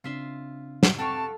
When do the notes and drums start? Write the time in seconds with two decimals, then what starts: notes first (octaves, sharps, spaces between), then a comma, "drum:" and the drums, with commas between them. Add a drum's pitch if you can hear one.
0.04 C#3 C4 D4 F4 E5 C6
0.83 drum: snare
0.98 C4 F#4 G4 A4 F5 A5 C#6